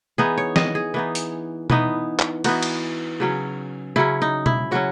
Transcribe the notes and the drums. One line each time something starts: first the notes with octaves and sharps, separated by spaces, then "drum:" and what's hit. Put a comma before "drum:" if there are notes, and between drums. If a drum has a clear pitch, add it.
E3 B3 D#4 G#4
C#5
D#5, drum: snare
G#4
E3 B3 D#4
drum: hi-hat
E3 B3 D#4, drum: tom B2
drum: clap
E3 B3 D#4 F#4, drum: cymbal
drum: cymbal
C#3 F#3 C#4
C#3 F#3 C#4 E4
D#4
E4, drum: tom B2
C#3 F#3 C#4 F#4